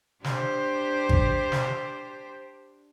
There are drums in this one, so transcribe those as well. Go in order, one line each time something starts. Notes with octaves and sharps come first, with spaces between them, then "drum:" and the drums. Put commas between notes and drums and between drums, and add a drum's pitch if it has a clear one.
D4 G4 C5, drum: snare
drum: kick G#1
drum: snare